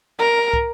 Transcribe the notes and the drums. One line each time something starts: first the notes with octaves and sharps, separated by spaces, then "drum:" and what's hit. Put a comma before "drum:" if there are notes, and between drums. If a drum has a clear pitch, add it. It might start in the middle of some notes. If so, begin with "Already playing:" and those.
A#4
drum: kick